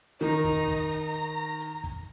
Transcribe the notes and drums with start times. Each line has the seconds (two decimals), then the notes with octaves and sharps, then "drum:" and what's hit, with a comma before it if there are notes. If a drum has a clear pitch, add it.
0.21 D#3 D#4 A#5, drum: hi-hat
0.44 drum: kick, hi-hat
0.67 drum: kick, hi-hat
0.91 drum: hi-hat
1.01 A#5
1.14 drum: hi-hat
1.60 drum: hi-hat
1.84 drum: kick, hi-hat